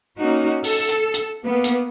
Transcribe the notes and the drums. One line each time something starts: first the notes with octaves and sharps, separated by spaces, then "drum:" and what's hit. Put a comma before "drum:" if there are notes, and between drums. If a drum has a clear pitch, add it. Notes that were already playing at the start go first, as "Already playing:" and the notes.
A#3 C#4 D#4 F#4
A4, drum: open hi-hat
drum: hi-hat
drum: hi-hat
A#3 B3
drum: hi-hat